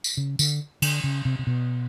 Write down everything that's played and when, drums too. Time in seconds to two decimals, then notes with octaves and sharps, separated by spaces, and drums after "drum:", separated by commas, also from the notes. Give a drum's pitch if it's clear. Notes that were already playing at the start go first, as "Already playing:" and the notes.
0.04 drum: tambourine
0.17 C#3
0.39 D3, drum: tambourine
0.82 D3, drum: cymbal
1.04 C#3
1.25 C3
1.39 C3
1.47 B2